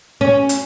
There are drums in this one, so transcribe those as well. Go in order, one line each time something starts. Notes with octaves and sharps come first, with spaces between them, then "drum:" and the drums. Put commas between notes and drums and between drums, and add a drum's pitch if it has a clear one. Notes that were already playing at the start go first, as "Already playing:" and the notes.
C#4
drum: hi-hat